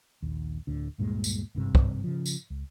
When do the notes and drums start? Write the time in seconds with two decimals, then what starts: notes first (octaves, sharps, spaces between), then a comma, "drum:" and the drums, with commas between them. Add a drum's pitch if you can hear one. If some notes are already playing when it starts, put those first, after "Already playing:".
0.22 A#1 D#2
0.67 D1 D2 D3
0.98 D2 G2 A#2 G#3
1.24 drum: tambourine
1.55 G#1 G2 C3
1.75 drum: kick
2.04 C#3 F3
2.26 drum: tambourine
2.50 C#2